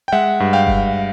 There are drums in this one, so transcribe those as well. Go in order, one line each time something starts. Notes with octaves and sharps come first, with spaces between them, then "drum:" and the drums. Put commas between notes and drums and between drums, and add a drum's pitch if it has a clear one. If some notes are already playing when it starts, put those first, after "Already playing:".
G5
G#3 E5 F#5
G2
F5 G5
drum: kick F#1